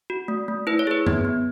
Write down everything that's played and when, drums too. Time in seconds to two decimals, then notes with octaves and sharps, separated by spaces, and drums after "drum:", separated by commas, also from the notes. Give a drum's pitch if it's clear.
0.10 F#4
0.28 A3
0.48 A3
0.67 E4 B4
0.79 C#5
0.87 G#4 B4
1.06 B3, drum: tom F#2
1.25 B3